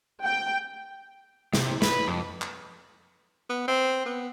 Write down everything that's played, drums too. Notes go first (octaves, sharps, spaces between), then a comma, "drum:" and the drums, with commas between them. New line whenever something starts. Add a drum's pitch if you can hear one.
G5
C3, drum: snare
B4, drum: snare
F2
drum: clap
B3
C4
B3